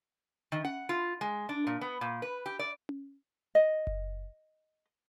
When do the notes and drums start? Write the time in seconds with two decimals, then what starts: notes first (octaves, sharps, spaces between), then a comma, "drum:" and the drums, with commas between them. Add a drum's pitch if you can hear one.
0.52 D#3
0.65 F#5, drum: tom C#4
0.89 F4
1.21 G#3
1.49 D4
1.67 A#2
1.81 B3
2.01 A#2
2.22 B4
2.46 G4
2.59 D5
2.89 drum: tom C#4
3.55 D#5
3.87 drum: kick F#1